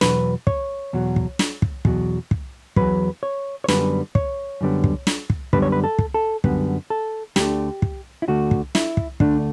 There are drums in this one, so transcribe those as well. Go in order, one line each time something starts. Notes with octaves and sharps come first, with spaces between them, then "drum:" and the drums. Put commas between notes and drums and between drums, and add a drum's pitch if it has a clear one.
E2 B2 F#3 B4, drum: snare
C#5, drum: kick
E2 B2 F#3
drum: kick
drum: snare
drum: kick
E2 B2 F#3, drum: kick
drum: kick
E2 B2 F#3 B4, drum: kick
C#5
C#5
F#2 D3 G3 B3 B4, drum: snare
C#5, drum: kick
F#2 D3 G3 B3
drum: kick
drum: snare
drum: kick
F#2 D3 G3 B3 B4, drum: kick
C#5
B4
A4
drum: kick
A4
F#2 D3 G3 B3, drum: kick
A4
D2 D3 A3 G4, drum: snare
drum: kick
E4
D2 D3 A3 F#4
drum: kick
E4, drum: snare
drum: kick
D2 D3 A3 D4, drum: kick